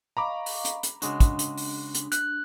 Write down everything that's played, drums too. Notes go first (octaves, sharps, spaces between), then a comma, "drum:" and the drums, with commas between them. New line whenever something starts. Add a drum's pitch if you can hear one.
D#5 F5 A#5 B5 C#6 D6
drum: open hi-hat
drum: hi-hat
drum: hi-hat
C#3 G#3 D4 F#4, drum: hi-hat
drum: kick, hi-hat
drum: hi-hat
drum: open hi-hat
drum: hi-hat
F#6, drum: hi-hat